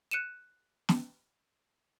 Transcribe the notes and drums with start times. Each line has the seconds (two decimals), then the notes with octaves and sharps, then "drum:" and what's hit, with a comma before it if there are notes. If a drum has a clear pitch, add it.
0.11 F#6 C#7 D#7 E7
0.89 drum: snare